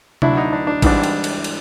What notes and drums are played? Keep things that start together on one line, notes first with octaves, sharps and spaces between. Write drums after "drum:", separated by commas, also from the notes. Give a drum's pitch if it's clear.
D2 D3 F#3 D4 E4, drum: tom C3
D#4
D4
D4
G#1 G#2 E3 G3 D4, drum: kick A1, cymbal
drum: cymbal
drum: cymbal
drum: cymbal